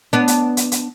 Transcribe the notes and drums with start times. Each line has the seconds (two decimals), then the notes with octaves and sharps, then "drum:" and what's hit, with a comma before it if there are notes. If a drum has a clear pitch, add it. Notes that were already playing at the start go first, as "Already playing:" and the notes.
0.13 B3 D4
0.28 drum: hi-hat
0.57 drum: hi-hat
0.72 drum: hi-hat